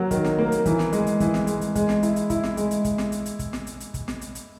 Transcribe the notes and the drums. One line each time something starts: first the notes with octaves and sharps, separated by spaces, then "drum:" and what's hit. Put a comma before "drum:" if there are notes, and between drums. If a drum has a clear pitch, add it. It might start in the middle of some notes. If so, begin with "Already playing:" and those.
Already playing: F#3 A#3
D#3, drum: kick, hi-hat
drum: snare
A#3
drum: hi-hat
E3, drum: kick, hi-hat
drum: snare
G#3, drum: hi-hat
drum: hi-hat
E3, drum: kick, hi-hat
drum: snare
G#3, drum: hi-hat
drum: hi-hat
G#3, drum: kick, hi-hat
drum: snare
E4, drum: hi-hat
drum: hi-hat
E4, drum: kick, hi-hat
drum: snare
G#3, drum: hi-hat
drum: hi-hat
drum: kick, hi-hat
drum: snare
drum: hi-hat
drum: hi-hat
drum: kick, hi-hat
drum: snare
drum: hi-hat
drum: hi-hat
drum: kick, hi-hat
drum: snare
drum: hi-hat
drum: hi-hat